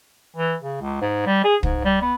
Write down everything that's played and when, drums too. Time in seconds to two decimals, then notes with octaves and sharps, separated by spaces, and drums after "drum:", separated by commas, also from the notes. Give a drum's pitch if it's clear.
0.37 E3
0.62 C#3
0.82 C#2
1.01 G#2
1.26 G3
1.44 G#4
1.63 G#2, drum: kick
1.85 G3
2.02 B3